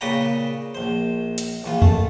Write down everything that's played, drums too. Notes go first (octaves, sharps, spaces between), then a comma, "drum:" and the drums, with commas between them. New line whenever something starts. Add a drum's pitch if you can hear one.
A#2 C#3 B4 D5 G5 A#5
A#1 C5
drum: hi-hat
A#1 E3 F4
A3, drum: tom E2